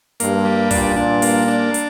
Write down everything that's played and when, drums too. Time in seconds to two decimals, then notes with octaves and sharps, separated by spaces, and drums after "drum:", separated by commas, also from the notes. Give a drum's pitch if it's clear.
0.20 G2 A#3, drum: hi-hat
0.45 G3
0.71 G2 A#2 D4, drum: kick, open hi-hat
0.96 D4
1.22 A#3, drum: open hi-hat
1.48 D4
1.74 drum: hi-hat